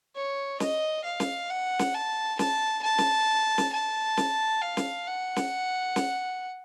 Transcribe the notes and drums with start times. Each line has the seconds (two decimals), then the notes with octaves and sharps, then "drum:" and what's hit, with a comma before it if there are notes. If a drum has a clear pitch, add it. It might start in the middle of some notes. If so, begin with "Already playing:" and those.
0.16 C#5
0.60 D#5, drum: snare
1.04 F5
1.20 drum: snare
1.50 F#5
1.79 drum: snare
1.94 A5
2.39 A5, drum: snare
2.83 A5
2.98 drum: snare
3.58 drum: snare
3.72 A5
4.17 drum: snare
4.62 F5
4.77 drum: snare
5.07 F#5
5.36 drum: snare
5.96 drum: snare